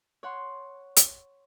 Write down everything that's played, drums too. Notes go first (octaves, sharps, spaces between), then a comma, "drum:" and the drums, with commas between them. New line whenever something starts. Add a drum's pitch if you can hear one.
C#5 F#5 C6
drum: hi-hat